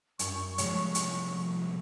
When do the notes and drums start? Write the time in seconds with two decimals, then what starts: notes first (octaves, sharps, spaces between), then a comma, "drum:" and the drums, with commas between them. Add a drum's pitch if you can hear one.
0.19 F#2 C#6, drum: hi-hat
0.58 C2 F3 G#3 C#5, drum: hi-hat
0.95 drum: hi-hat